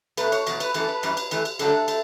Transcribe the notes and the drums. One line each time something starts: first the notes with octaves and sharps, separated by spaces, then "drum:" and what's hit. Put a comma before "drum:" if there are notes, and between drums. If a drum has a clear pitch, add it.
B2 A3 B4, drum: cymbal
C#5, drum: cymbal
E2 B2 F#3, drum: cymbal
B4, drum: cymbal
F#2 E3 A3 A4, drum: cymbal
B4
F#2 E3 G3, drum: cymbal
drum: cymbal
F#2 E3 A3, drum: cymbal
drum: cymbal
G2 D3 F#3 A3 A4, drum: cymbal
A3, drum: cymbal